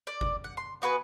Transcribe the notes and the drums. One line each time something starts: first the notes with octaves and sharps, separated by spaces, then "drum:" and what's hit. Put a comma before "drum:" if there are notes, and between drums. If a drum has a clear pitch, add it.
D5
drum: kick G1
F#5
C6
B3 F#4 B4 G#5